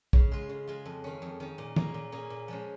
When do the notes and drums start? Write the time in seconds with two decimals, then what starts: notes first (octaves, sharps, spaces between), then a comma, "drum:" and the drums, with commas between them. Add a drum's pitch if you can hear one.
0.13 C#3, drum: kick
0.31 G#3 F4
0.49 C#3
0.67 G#3 F4
0.85 F2
1.04 D#3 C#4
1.22 F2
1.40 D#3 C#4
1.58 A#2
1.76 A#3 C#4 G#4, drum: tom
1.94 A#2
2.12 A#3 C#4 G#4
2.30 A#2
2.48 F3 G#3 C#4